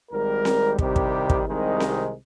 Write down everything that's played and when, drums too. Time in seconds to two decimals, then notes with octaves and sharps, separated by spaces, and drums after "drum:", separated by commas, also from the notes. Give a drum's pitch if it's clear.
0.11 G#1 G#2 G3 A#4
0.45 drum: snare C4
0.79 C2 C3 D#3 G3 G4, drum: kick
0.96 drum: kick
1.30 drum: kick
1.46 C2 C3 D#3 G#3 D#4
1.80 drum: snare C4